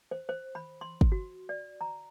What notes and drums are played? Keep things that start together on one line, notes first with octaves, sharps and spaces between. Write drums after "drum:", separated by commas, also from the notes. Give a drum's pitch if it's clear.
C5
C5
B5
C6
drum: kick
F#4
D5
A#5